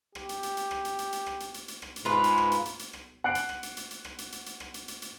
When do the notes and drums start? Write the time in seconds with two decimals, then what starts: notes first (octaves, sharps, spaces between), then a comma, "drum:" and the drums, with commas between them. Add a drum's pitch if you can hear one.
0.15 G4, drum: rim click
0.29 drum: hi-hat
0.43 drum: hi-hat
0.57 drum: hi-hat
0.71 drum: rim click
0.85 drum: hi-hat
0.99 drum: hi-hat
1.12 drum: hi-hat
1.26 drum: rim click
1.40 drum: hi-hat
1.54 drum: hi-hat
1.68 drum: hi-hat
1.82 drum: rim click
1.96 drum: hi-hat
2.05 G#2 F4 B4
2.24 drum: hi-hat
2.38 drum: rim click
2.52 drum: hi-hat
2.65 drum: hi-hat
2.79 drum: hi-hat
2.93 drum: rim click
3.24 F#5 D6 F#6 C7 D7 F#7
3.35 drum: hi-hat
3.49 drum: rim click
3.63 drum: hi-hat
3.77 drum: hi-hat
3.91 drum: hi-hat
4.05 drum: rim click
4.18 drum: hi-hat
4.32 drum: hi-hat
4.46 drum: hi-hat
4.60 drum: rim click
4.74 drum: hi-hat
4.88 drum: hi-hat
5.02 drum: hi-hat